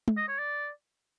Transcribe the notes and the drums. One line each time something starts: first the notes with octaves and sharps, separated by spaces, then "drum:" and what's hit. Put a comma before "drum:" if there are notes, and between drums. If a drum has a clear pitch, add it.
drum: tom
D#5
C#5
D5